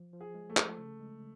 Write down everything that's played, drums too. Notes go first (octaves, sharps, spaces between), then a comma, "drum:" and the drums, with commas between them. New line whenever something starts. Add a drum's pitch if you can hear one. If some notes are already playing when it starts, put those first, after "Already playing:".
Already playing: F3
F3
G#4
G#3
A3
F3, drum: clap
C#3
G#3